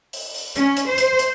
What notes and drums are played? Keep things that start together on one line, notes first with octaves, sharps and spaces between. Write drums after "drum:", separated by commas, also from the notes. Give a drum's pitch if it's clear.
drum: open hi-hat
drum: open hi-hat
C#4, drum: hi-hat
drum: hi-hat
C5
drum: hi-hat
drum: hi-hat